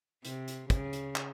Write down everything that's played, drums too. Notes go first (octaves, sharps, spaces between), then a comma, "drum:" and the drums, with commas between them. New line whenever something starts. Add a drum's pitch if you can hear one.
C3, drum: hi-hat
drum: hi-hat
C#3, drum: kick, hi-hat
drum: hi-hat
drum: clap